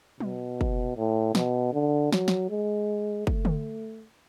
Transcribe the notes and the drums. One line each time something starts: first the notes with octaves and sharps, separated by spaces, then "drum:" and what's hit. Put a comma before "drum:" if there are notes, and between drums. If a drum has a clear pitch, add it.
B2, drum: tom F#3
drum: kick
A2
B2, drum: snare
D3
F#3, drum: snare
drum: snare
G#3
A3, drum: kick
drum: tom D3